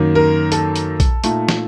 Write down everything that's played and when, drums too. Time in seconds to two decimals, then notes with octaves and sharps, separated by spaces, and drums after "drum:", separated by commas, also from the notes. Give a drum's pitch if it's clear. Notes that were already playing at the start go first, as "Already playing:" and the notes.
Already playing: F#2 D#3 A#3
0.15 A#4
0.52 A4, drum: hi-hat
0.76 drum: hi-hat
1.00 drum: kick A#1, hi-hat
1.24 A#2 A3 D#4, drum: hi-hat
1.49 drum: snare